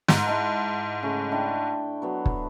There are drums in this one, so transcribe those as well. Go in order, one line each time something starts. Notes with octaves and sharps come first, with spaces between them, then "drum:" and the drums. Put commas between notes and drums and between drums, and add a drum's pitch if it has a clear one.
G#2 A#5, drum: snare
E4 D#5 A5
C#3 A3 G#4
D4 E4 G5
F#3 B3
drum: kick